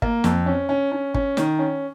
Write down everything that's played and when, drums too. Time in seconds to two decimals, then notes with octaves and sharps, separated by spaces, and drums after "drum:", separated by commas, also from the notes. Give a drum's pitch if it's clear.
0.02 A#3, drum: kick
0.24 F2, drum: snare
0.46 C#4
0.69 C#4
0.92 C#4
1.14 C#4, drum: kick
1.37 D#3, drum: snare
1.59 C#4